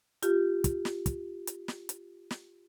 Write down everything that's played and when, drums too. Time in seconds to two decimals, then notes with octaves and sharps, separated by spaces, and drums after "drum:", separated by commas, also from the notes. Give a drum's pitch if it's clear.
0.23 F4 G4, drum: hi-hat
0.64 drum: kick, hi-hat
0.85 drum: snare
1.06 drum: kick, hi-hat
1.47 drum: hi-hat
1.68 drum: snare
1.89 drum: hi-hat
2.31 drum: snare